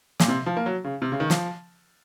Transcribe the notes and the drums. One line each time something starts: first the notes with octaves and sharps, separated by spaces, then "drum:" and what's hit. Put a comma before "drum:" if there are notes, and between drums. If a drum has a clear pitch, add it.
A#2, drum: snare
C3
F3
A#3
F#3
C#3
C3
C#3
D#3
F3, drum: snare